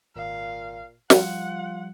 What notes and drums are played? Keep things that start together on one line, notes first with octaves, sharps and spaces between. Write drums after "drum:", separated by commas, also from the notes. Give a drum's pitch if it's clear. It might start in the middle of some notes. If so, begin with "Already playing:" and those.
G#1 A#2 F5
F3 G3 F4 F#5, drum: snare